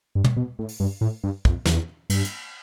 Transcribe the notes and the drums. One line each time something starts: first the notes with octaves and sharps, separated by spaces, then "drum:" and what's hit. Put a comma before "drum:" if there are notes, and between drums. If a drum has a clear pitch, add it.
G2
drum: tom
B2
A2
drum: open hi-hat
G2
A2
G2
F2, drum: kick
E2, drum: snare
G2, drum: cymbal
drum: hi-hat